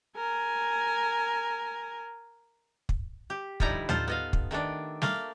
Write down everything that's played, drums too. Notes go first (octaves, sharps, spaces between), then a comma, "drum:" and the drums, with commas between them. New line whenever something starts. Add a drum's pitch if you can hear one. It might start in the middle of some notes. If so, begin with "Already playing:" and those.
A#4 G#5
drum: kick
G4
D3 F3 G3 D#4 E4 A#5, drum: kick
F4 A4 C5, drum: tom
B3 D#5 F5
drum: kick
D#3 A3 B3 D4
A3 A#3 F5, drum: snare G3